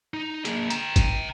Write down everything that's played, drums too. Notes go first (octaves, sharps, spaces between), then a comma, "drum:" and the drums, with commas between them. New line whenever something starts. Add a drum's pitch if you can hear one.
D#4
A#3 G#4, drum: hi-hat
G5 A#5, drum: hi-hat
drum: kick, hi-hat